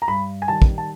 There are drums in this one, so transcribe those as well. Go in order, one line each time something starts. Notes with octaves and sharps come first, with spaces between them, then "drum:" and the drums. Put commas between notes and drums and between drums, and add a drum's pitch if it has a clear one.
A#5
G2 B5
G#5
D#3 G3 A5
drum: kick
A5